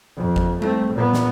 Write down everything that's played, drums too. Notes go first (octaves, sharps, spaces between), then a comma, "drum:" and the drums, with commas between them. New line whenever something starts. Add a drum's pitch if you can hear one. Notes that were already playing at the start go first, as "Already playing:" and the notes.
F2
drum: kick G1
A3 C4, drum: tom G3
A#2 B3
drum: snare